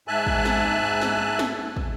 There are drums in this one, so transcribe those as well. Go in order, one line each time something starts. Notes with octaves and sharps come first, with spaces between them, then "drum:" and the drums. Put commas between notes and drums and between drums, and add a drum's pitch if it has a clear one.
G#2 E5 G#5 A5 F#6
drum: kick
drum: snare
drum: snare
drum: snare
drum: kick